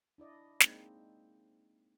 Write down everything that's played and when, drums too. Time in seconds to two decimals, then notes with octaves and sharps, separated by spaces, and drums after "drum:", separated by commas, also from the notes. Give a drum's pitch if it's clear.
0.18 D4 E4 D5 D#5
0.60 G#3 A#3 C4 D#4, drum: snare